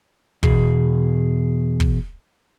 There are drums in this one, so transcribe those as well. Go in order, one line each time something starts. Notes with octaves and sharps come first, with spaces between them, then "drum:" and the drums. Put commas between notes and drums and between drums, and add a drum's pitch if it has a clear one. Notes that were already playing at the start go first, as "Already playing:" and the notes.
E2 B2 G#4, drum: kick
drum: kick